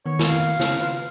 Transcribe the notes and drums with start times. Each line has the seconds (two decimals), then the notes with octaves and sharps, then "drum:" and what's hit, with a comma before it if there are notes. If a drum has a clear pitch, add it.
0.06 D#3 B3 C#5
0.19 drum: snare
0.28 F5
0.60 C#3, drum: snare
0.80 F4 B4